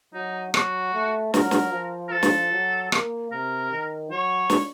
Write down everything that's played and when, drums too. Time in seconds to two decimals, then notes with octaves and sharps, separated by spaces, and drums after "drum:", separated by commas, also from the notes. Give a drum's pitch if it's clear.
0.14 F#3 D#4
0.54 F#3 F#4, drum: rim click
0.94 A3
1.34 F#3 A#4, drum: snare
1.51 drum: snare
1.73 F3
2.08 A#4
2.12 F3 A4
2.23 drum: snare
2.52 F#3
2.92 A#3, drum: rim click
3.32 C3 A#4
3.72 D#3
4.11 F#3 C#5
4.50 drum: snare